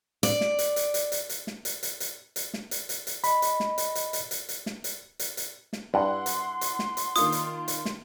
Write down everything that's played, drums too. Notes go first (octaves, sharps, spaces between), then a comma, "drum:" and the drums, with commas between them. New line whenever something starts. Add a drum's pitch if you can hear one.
D5, drum: hi-hat
drum: snare
drum: hi-hat
drum: hi-hat
drum: hi-hat
drum: hi-hat
drum: hi-hat
drum: snare
drum: hi-hat
drum: hi-hat
drum: hi-hat
drum: hi-hat
drum: snare
drum: hi-hat
drum: hi-hat
drum: hi-hat
D#5 B5, drum: hi-hat
drum: hi-hat
drum: snare
drum: hi-hat
drum: hi-hat
drum: hi-hat
drum: hi-hat
drum: hi-hat
drum: snare
drum: hi-hat
drum: hi-hat
drum: hi-hat
drum: snare
G2 E4 F#5 C6
drum: hi-hat
drum: hi-hat
drum: snare
drum: hi-hat
D#3 A#3 F4 D#6, drum: hi-hat
drum: hi-hat
drum: hi-hat
drum: snare